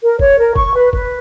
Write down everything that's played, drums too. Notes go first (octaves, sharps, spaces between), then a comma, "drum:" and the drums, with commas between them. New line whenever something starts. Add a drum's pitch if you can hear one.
A#4
C#5, drum: kick
A#4
C#6, drum: kick
B4
B4, drum: kick